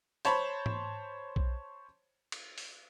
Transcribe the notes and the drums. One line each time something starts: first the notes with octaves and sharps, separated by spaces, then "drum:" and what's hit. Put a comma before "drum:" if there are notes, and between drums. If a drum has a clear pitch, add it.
C5 C#5 A5 B5, drum: hi-hat
drum: tom G#2
drum: kick B1
drum: cymbal
drum: open hi-hat